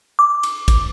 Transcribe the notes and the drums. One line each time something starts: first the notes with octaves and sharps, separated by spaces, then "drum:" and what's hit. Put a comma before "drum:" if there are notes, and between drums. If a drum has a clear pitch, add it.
D6
drum: cymbal
drum: kick, cymbal